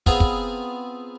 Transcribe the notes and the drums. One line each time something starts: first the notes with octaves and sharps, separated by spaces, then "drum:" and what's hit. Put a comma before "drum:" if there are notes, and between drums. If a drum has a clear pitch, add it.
B3 C4 F4 G#4 A#5, drum: kick
drum: kick